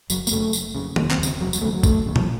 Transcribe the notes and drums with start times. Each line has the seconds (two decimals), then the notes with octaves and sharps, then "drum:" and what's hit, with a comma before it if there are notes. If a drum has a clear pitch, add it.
0.10 F#1 F#3, drum: tambourine
0.27 A#3, drum: tambourine
0.31 F#2 C#3 A3
0.53 F#1, drum: tambourine
0.75 F#2 C#3
0.96 F1 A#3, drum: tom D#3
1.11 C4, drum: clap
1.18 D#2
1.23 C#3 C4, drum: tambourine
1.40 F1 F#3
1.53 F#3, drum: tambourine
1.61 D#2 C#3 A3
1.74 F#3
1.83 F1 A3, drum: kick, tambourine
2.06 D#2 C#3
2.16 F3, drum: tom A#2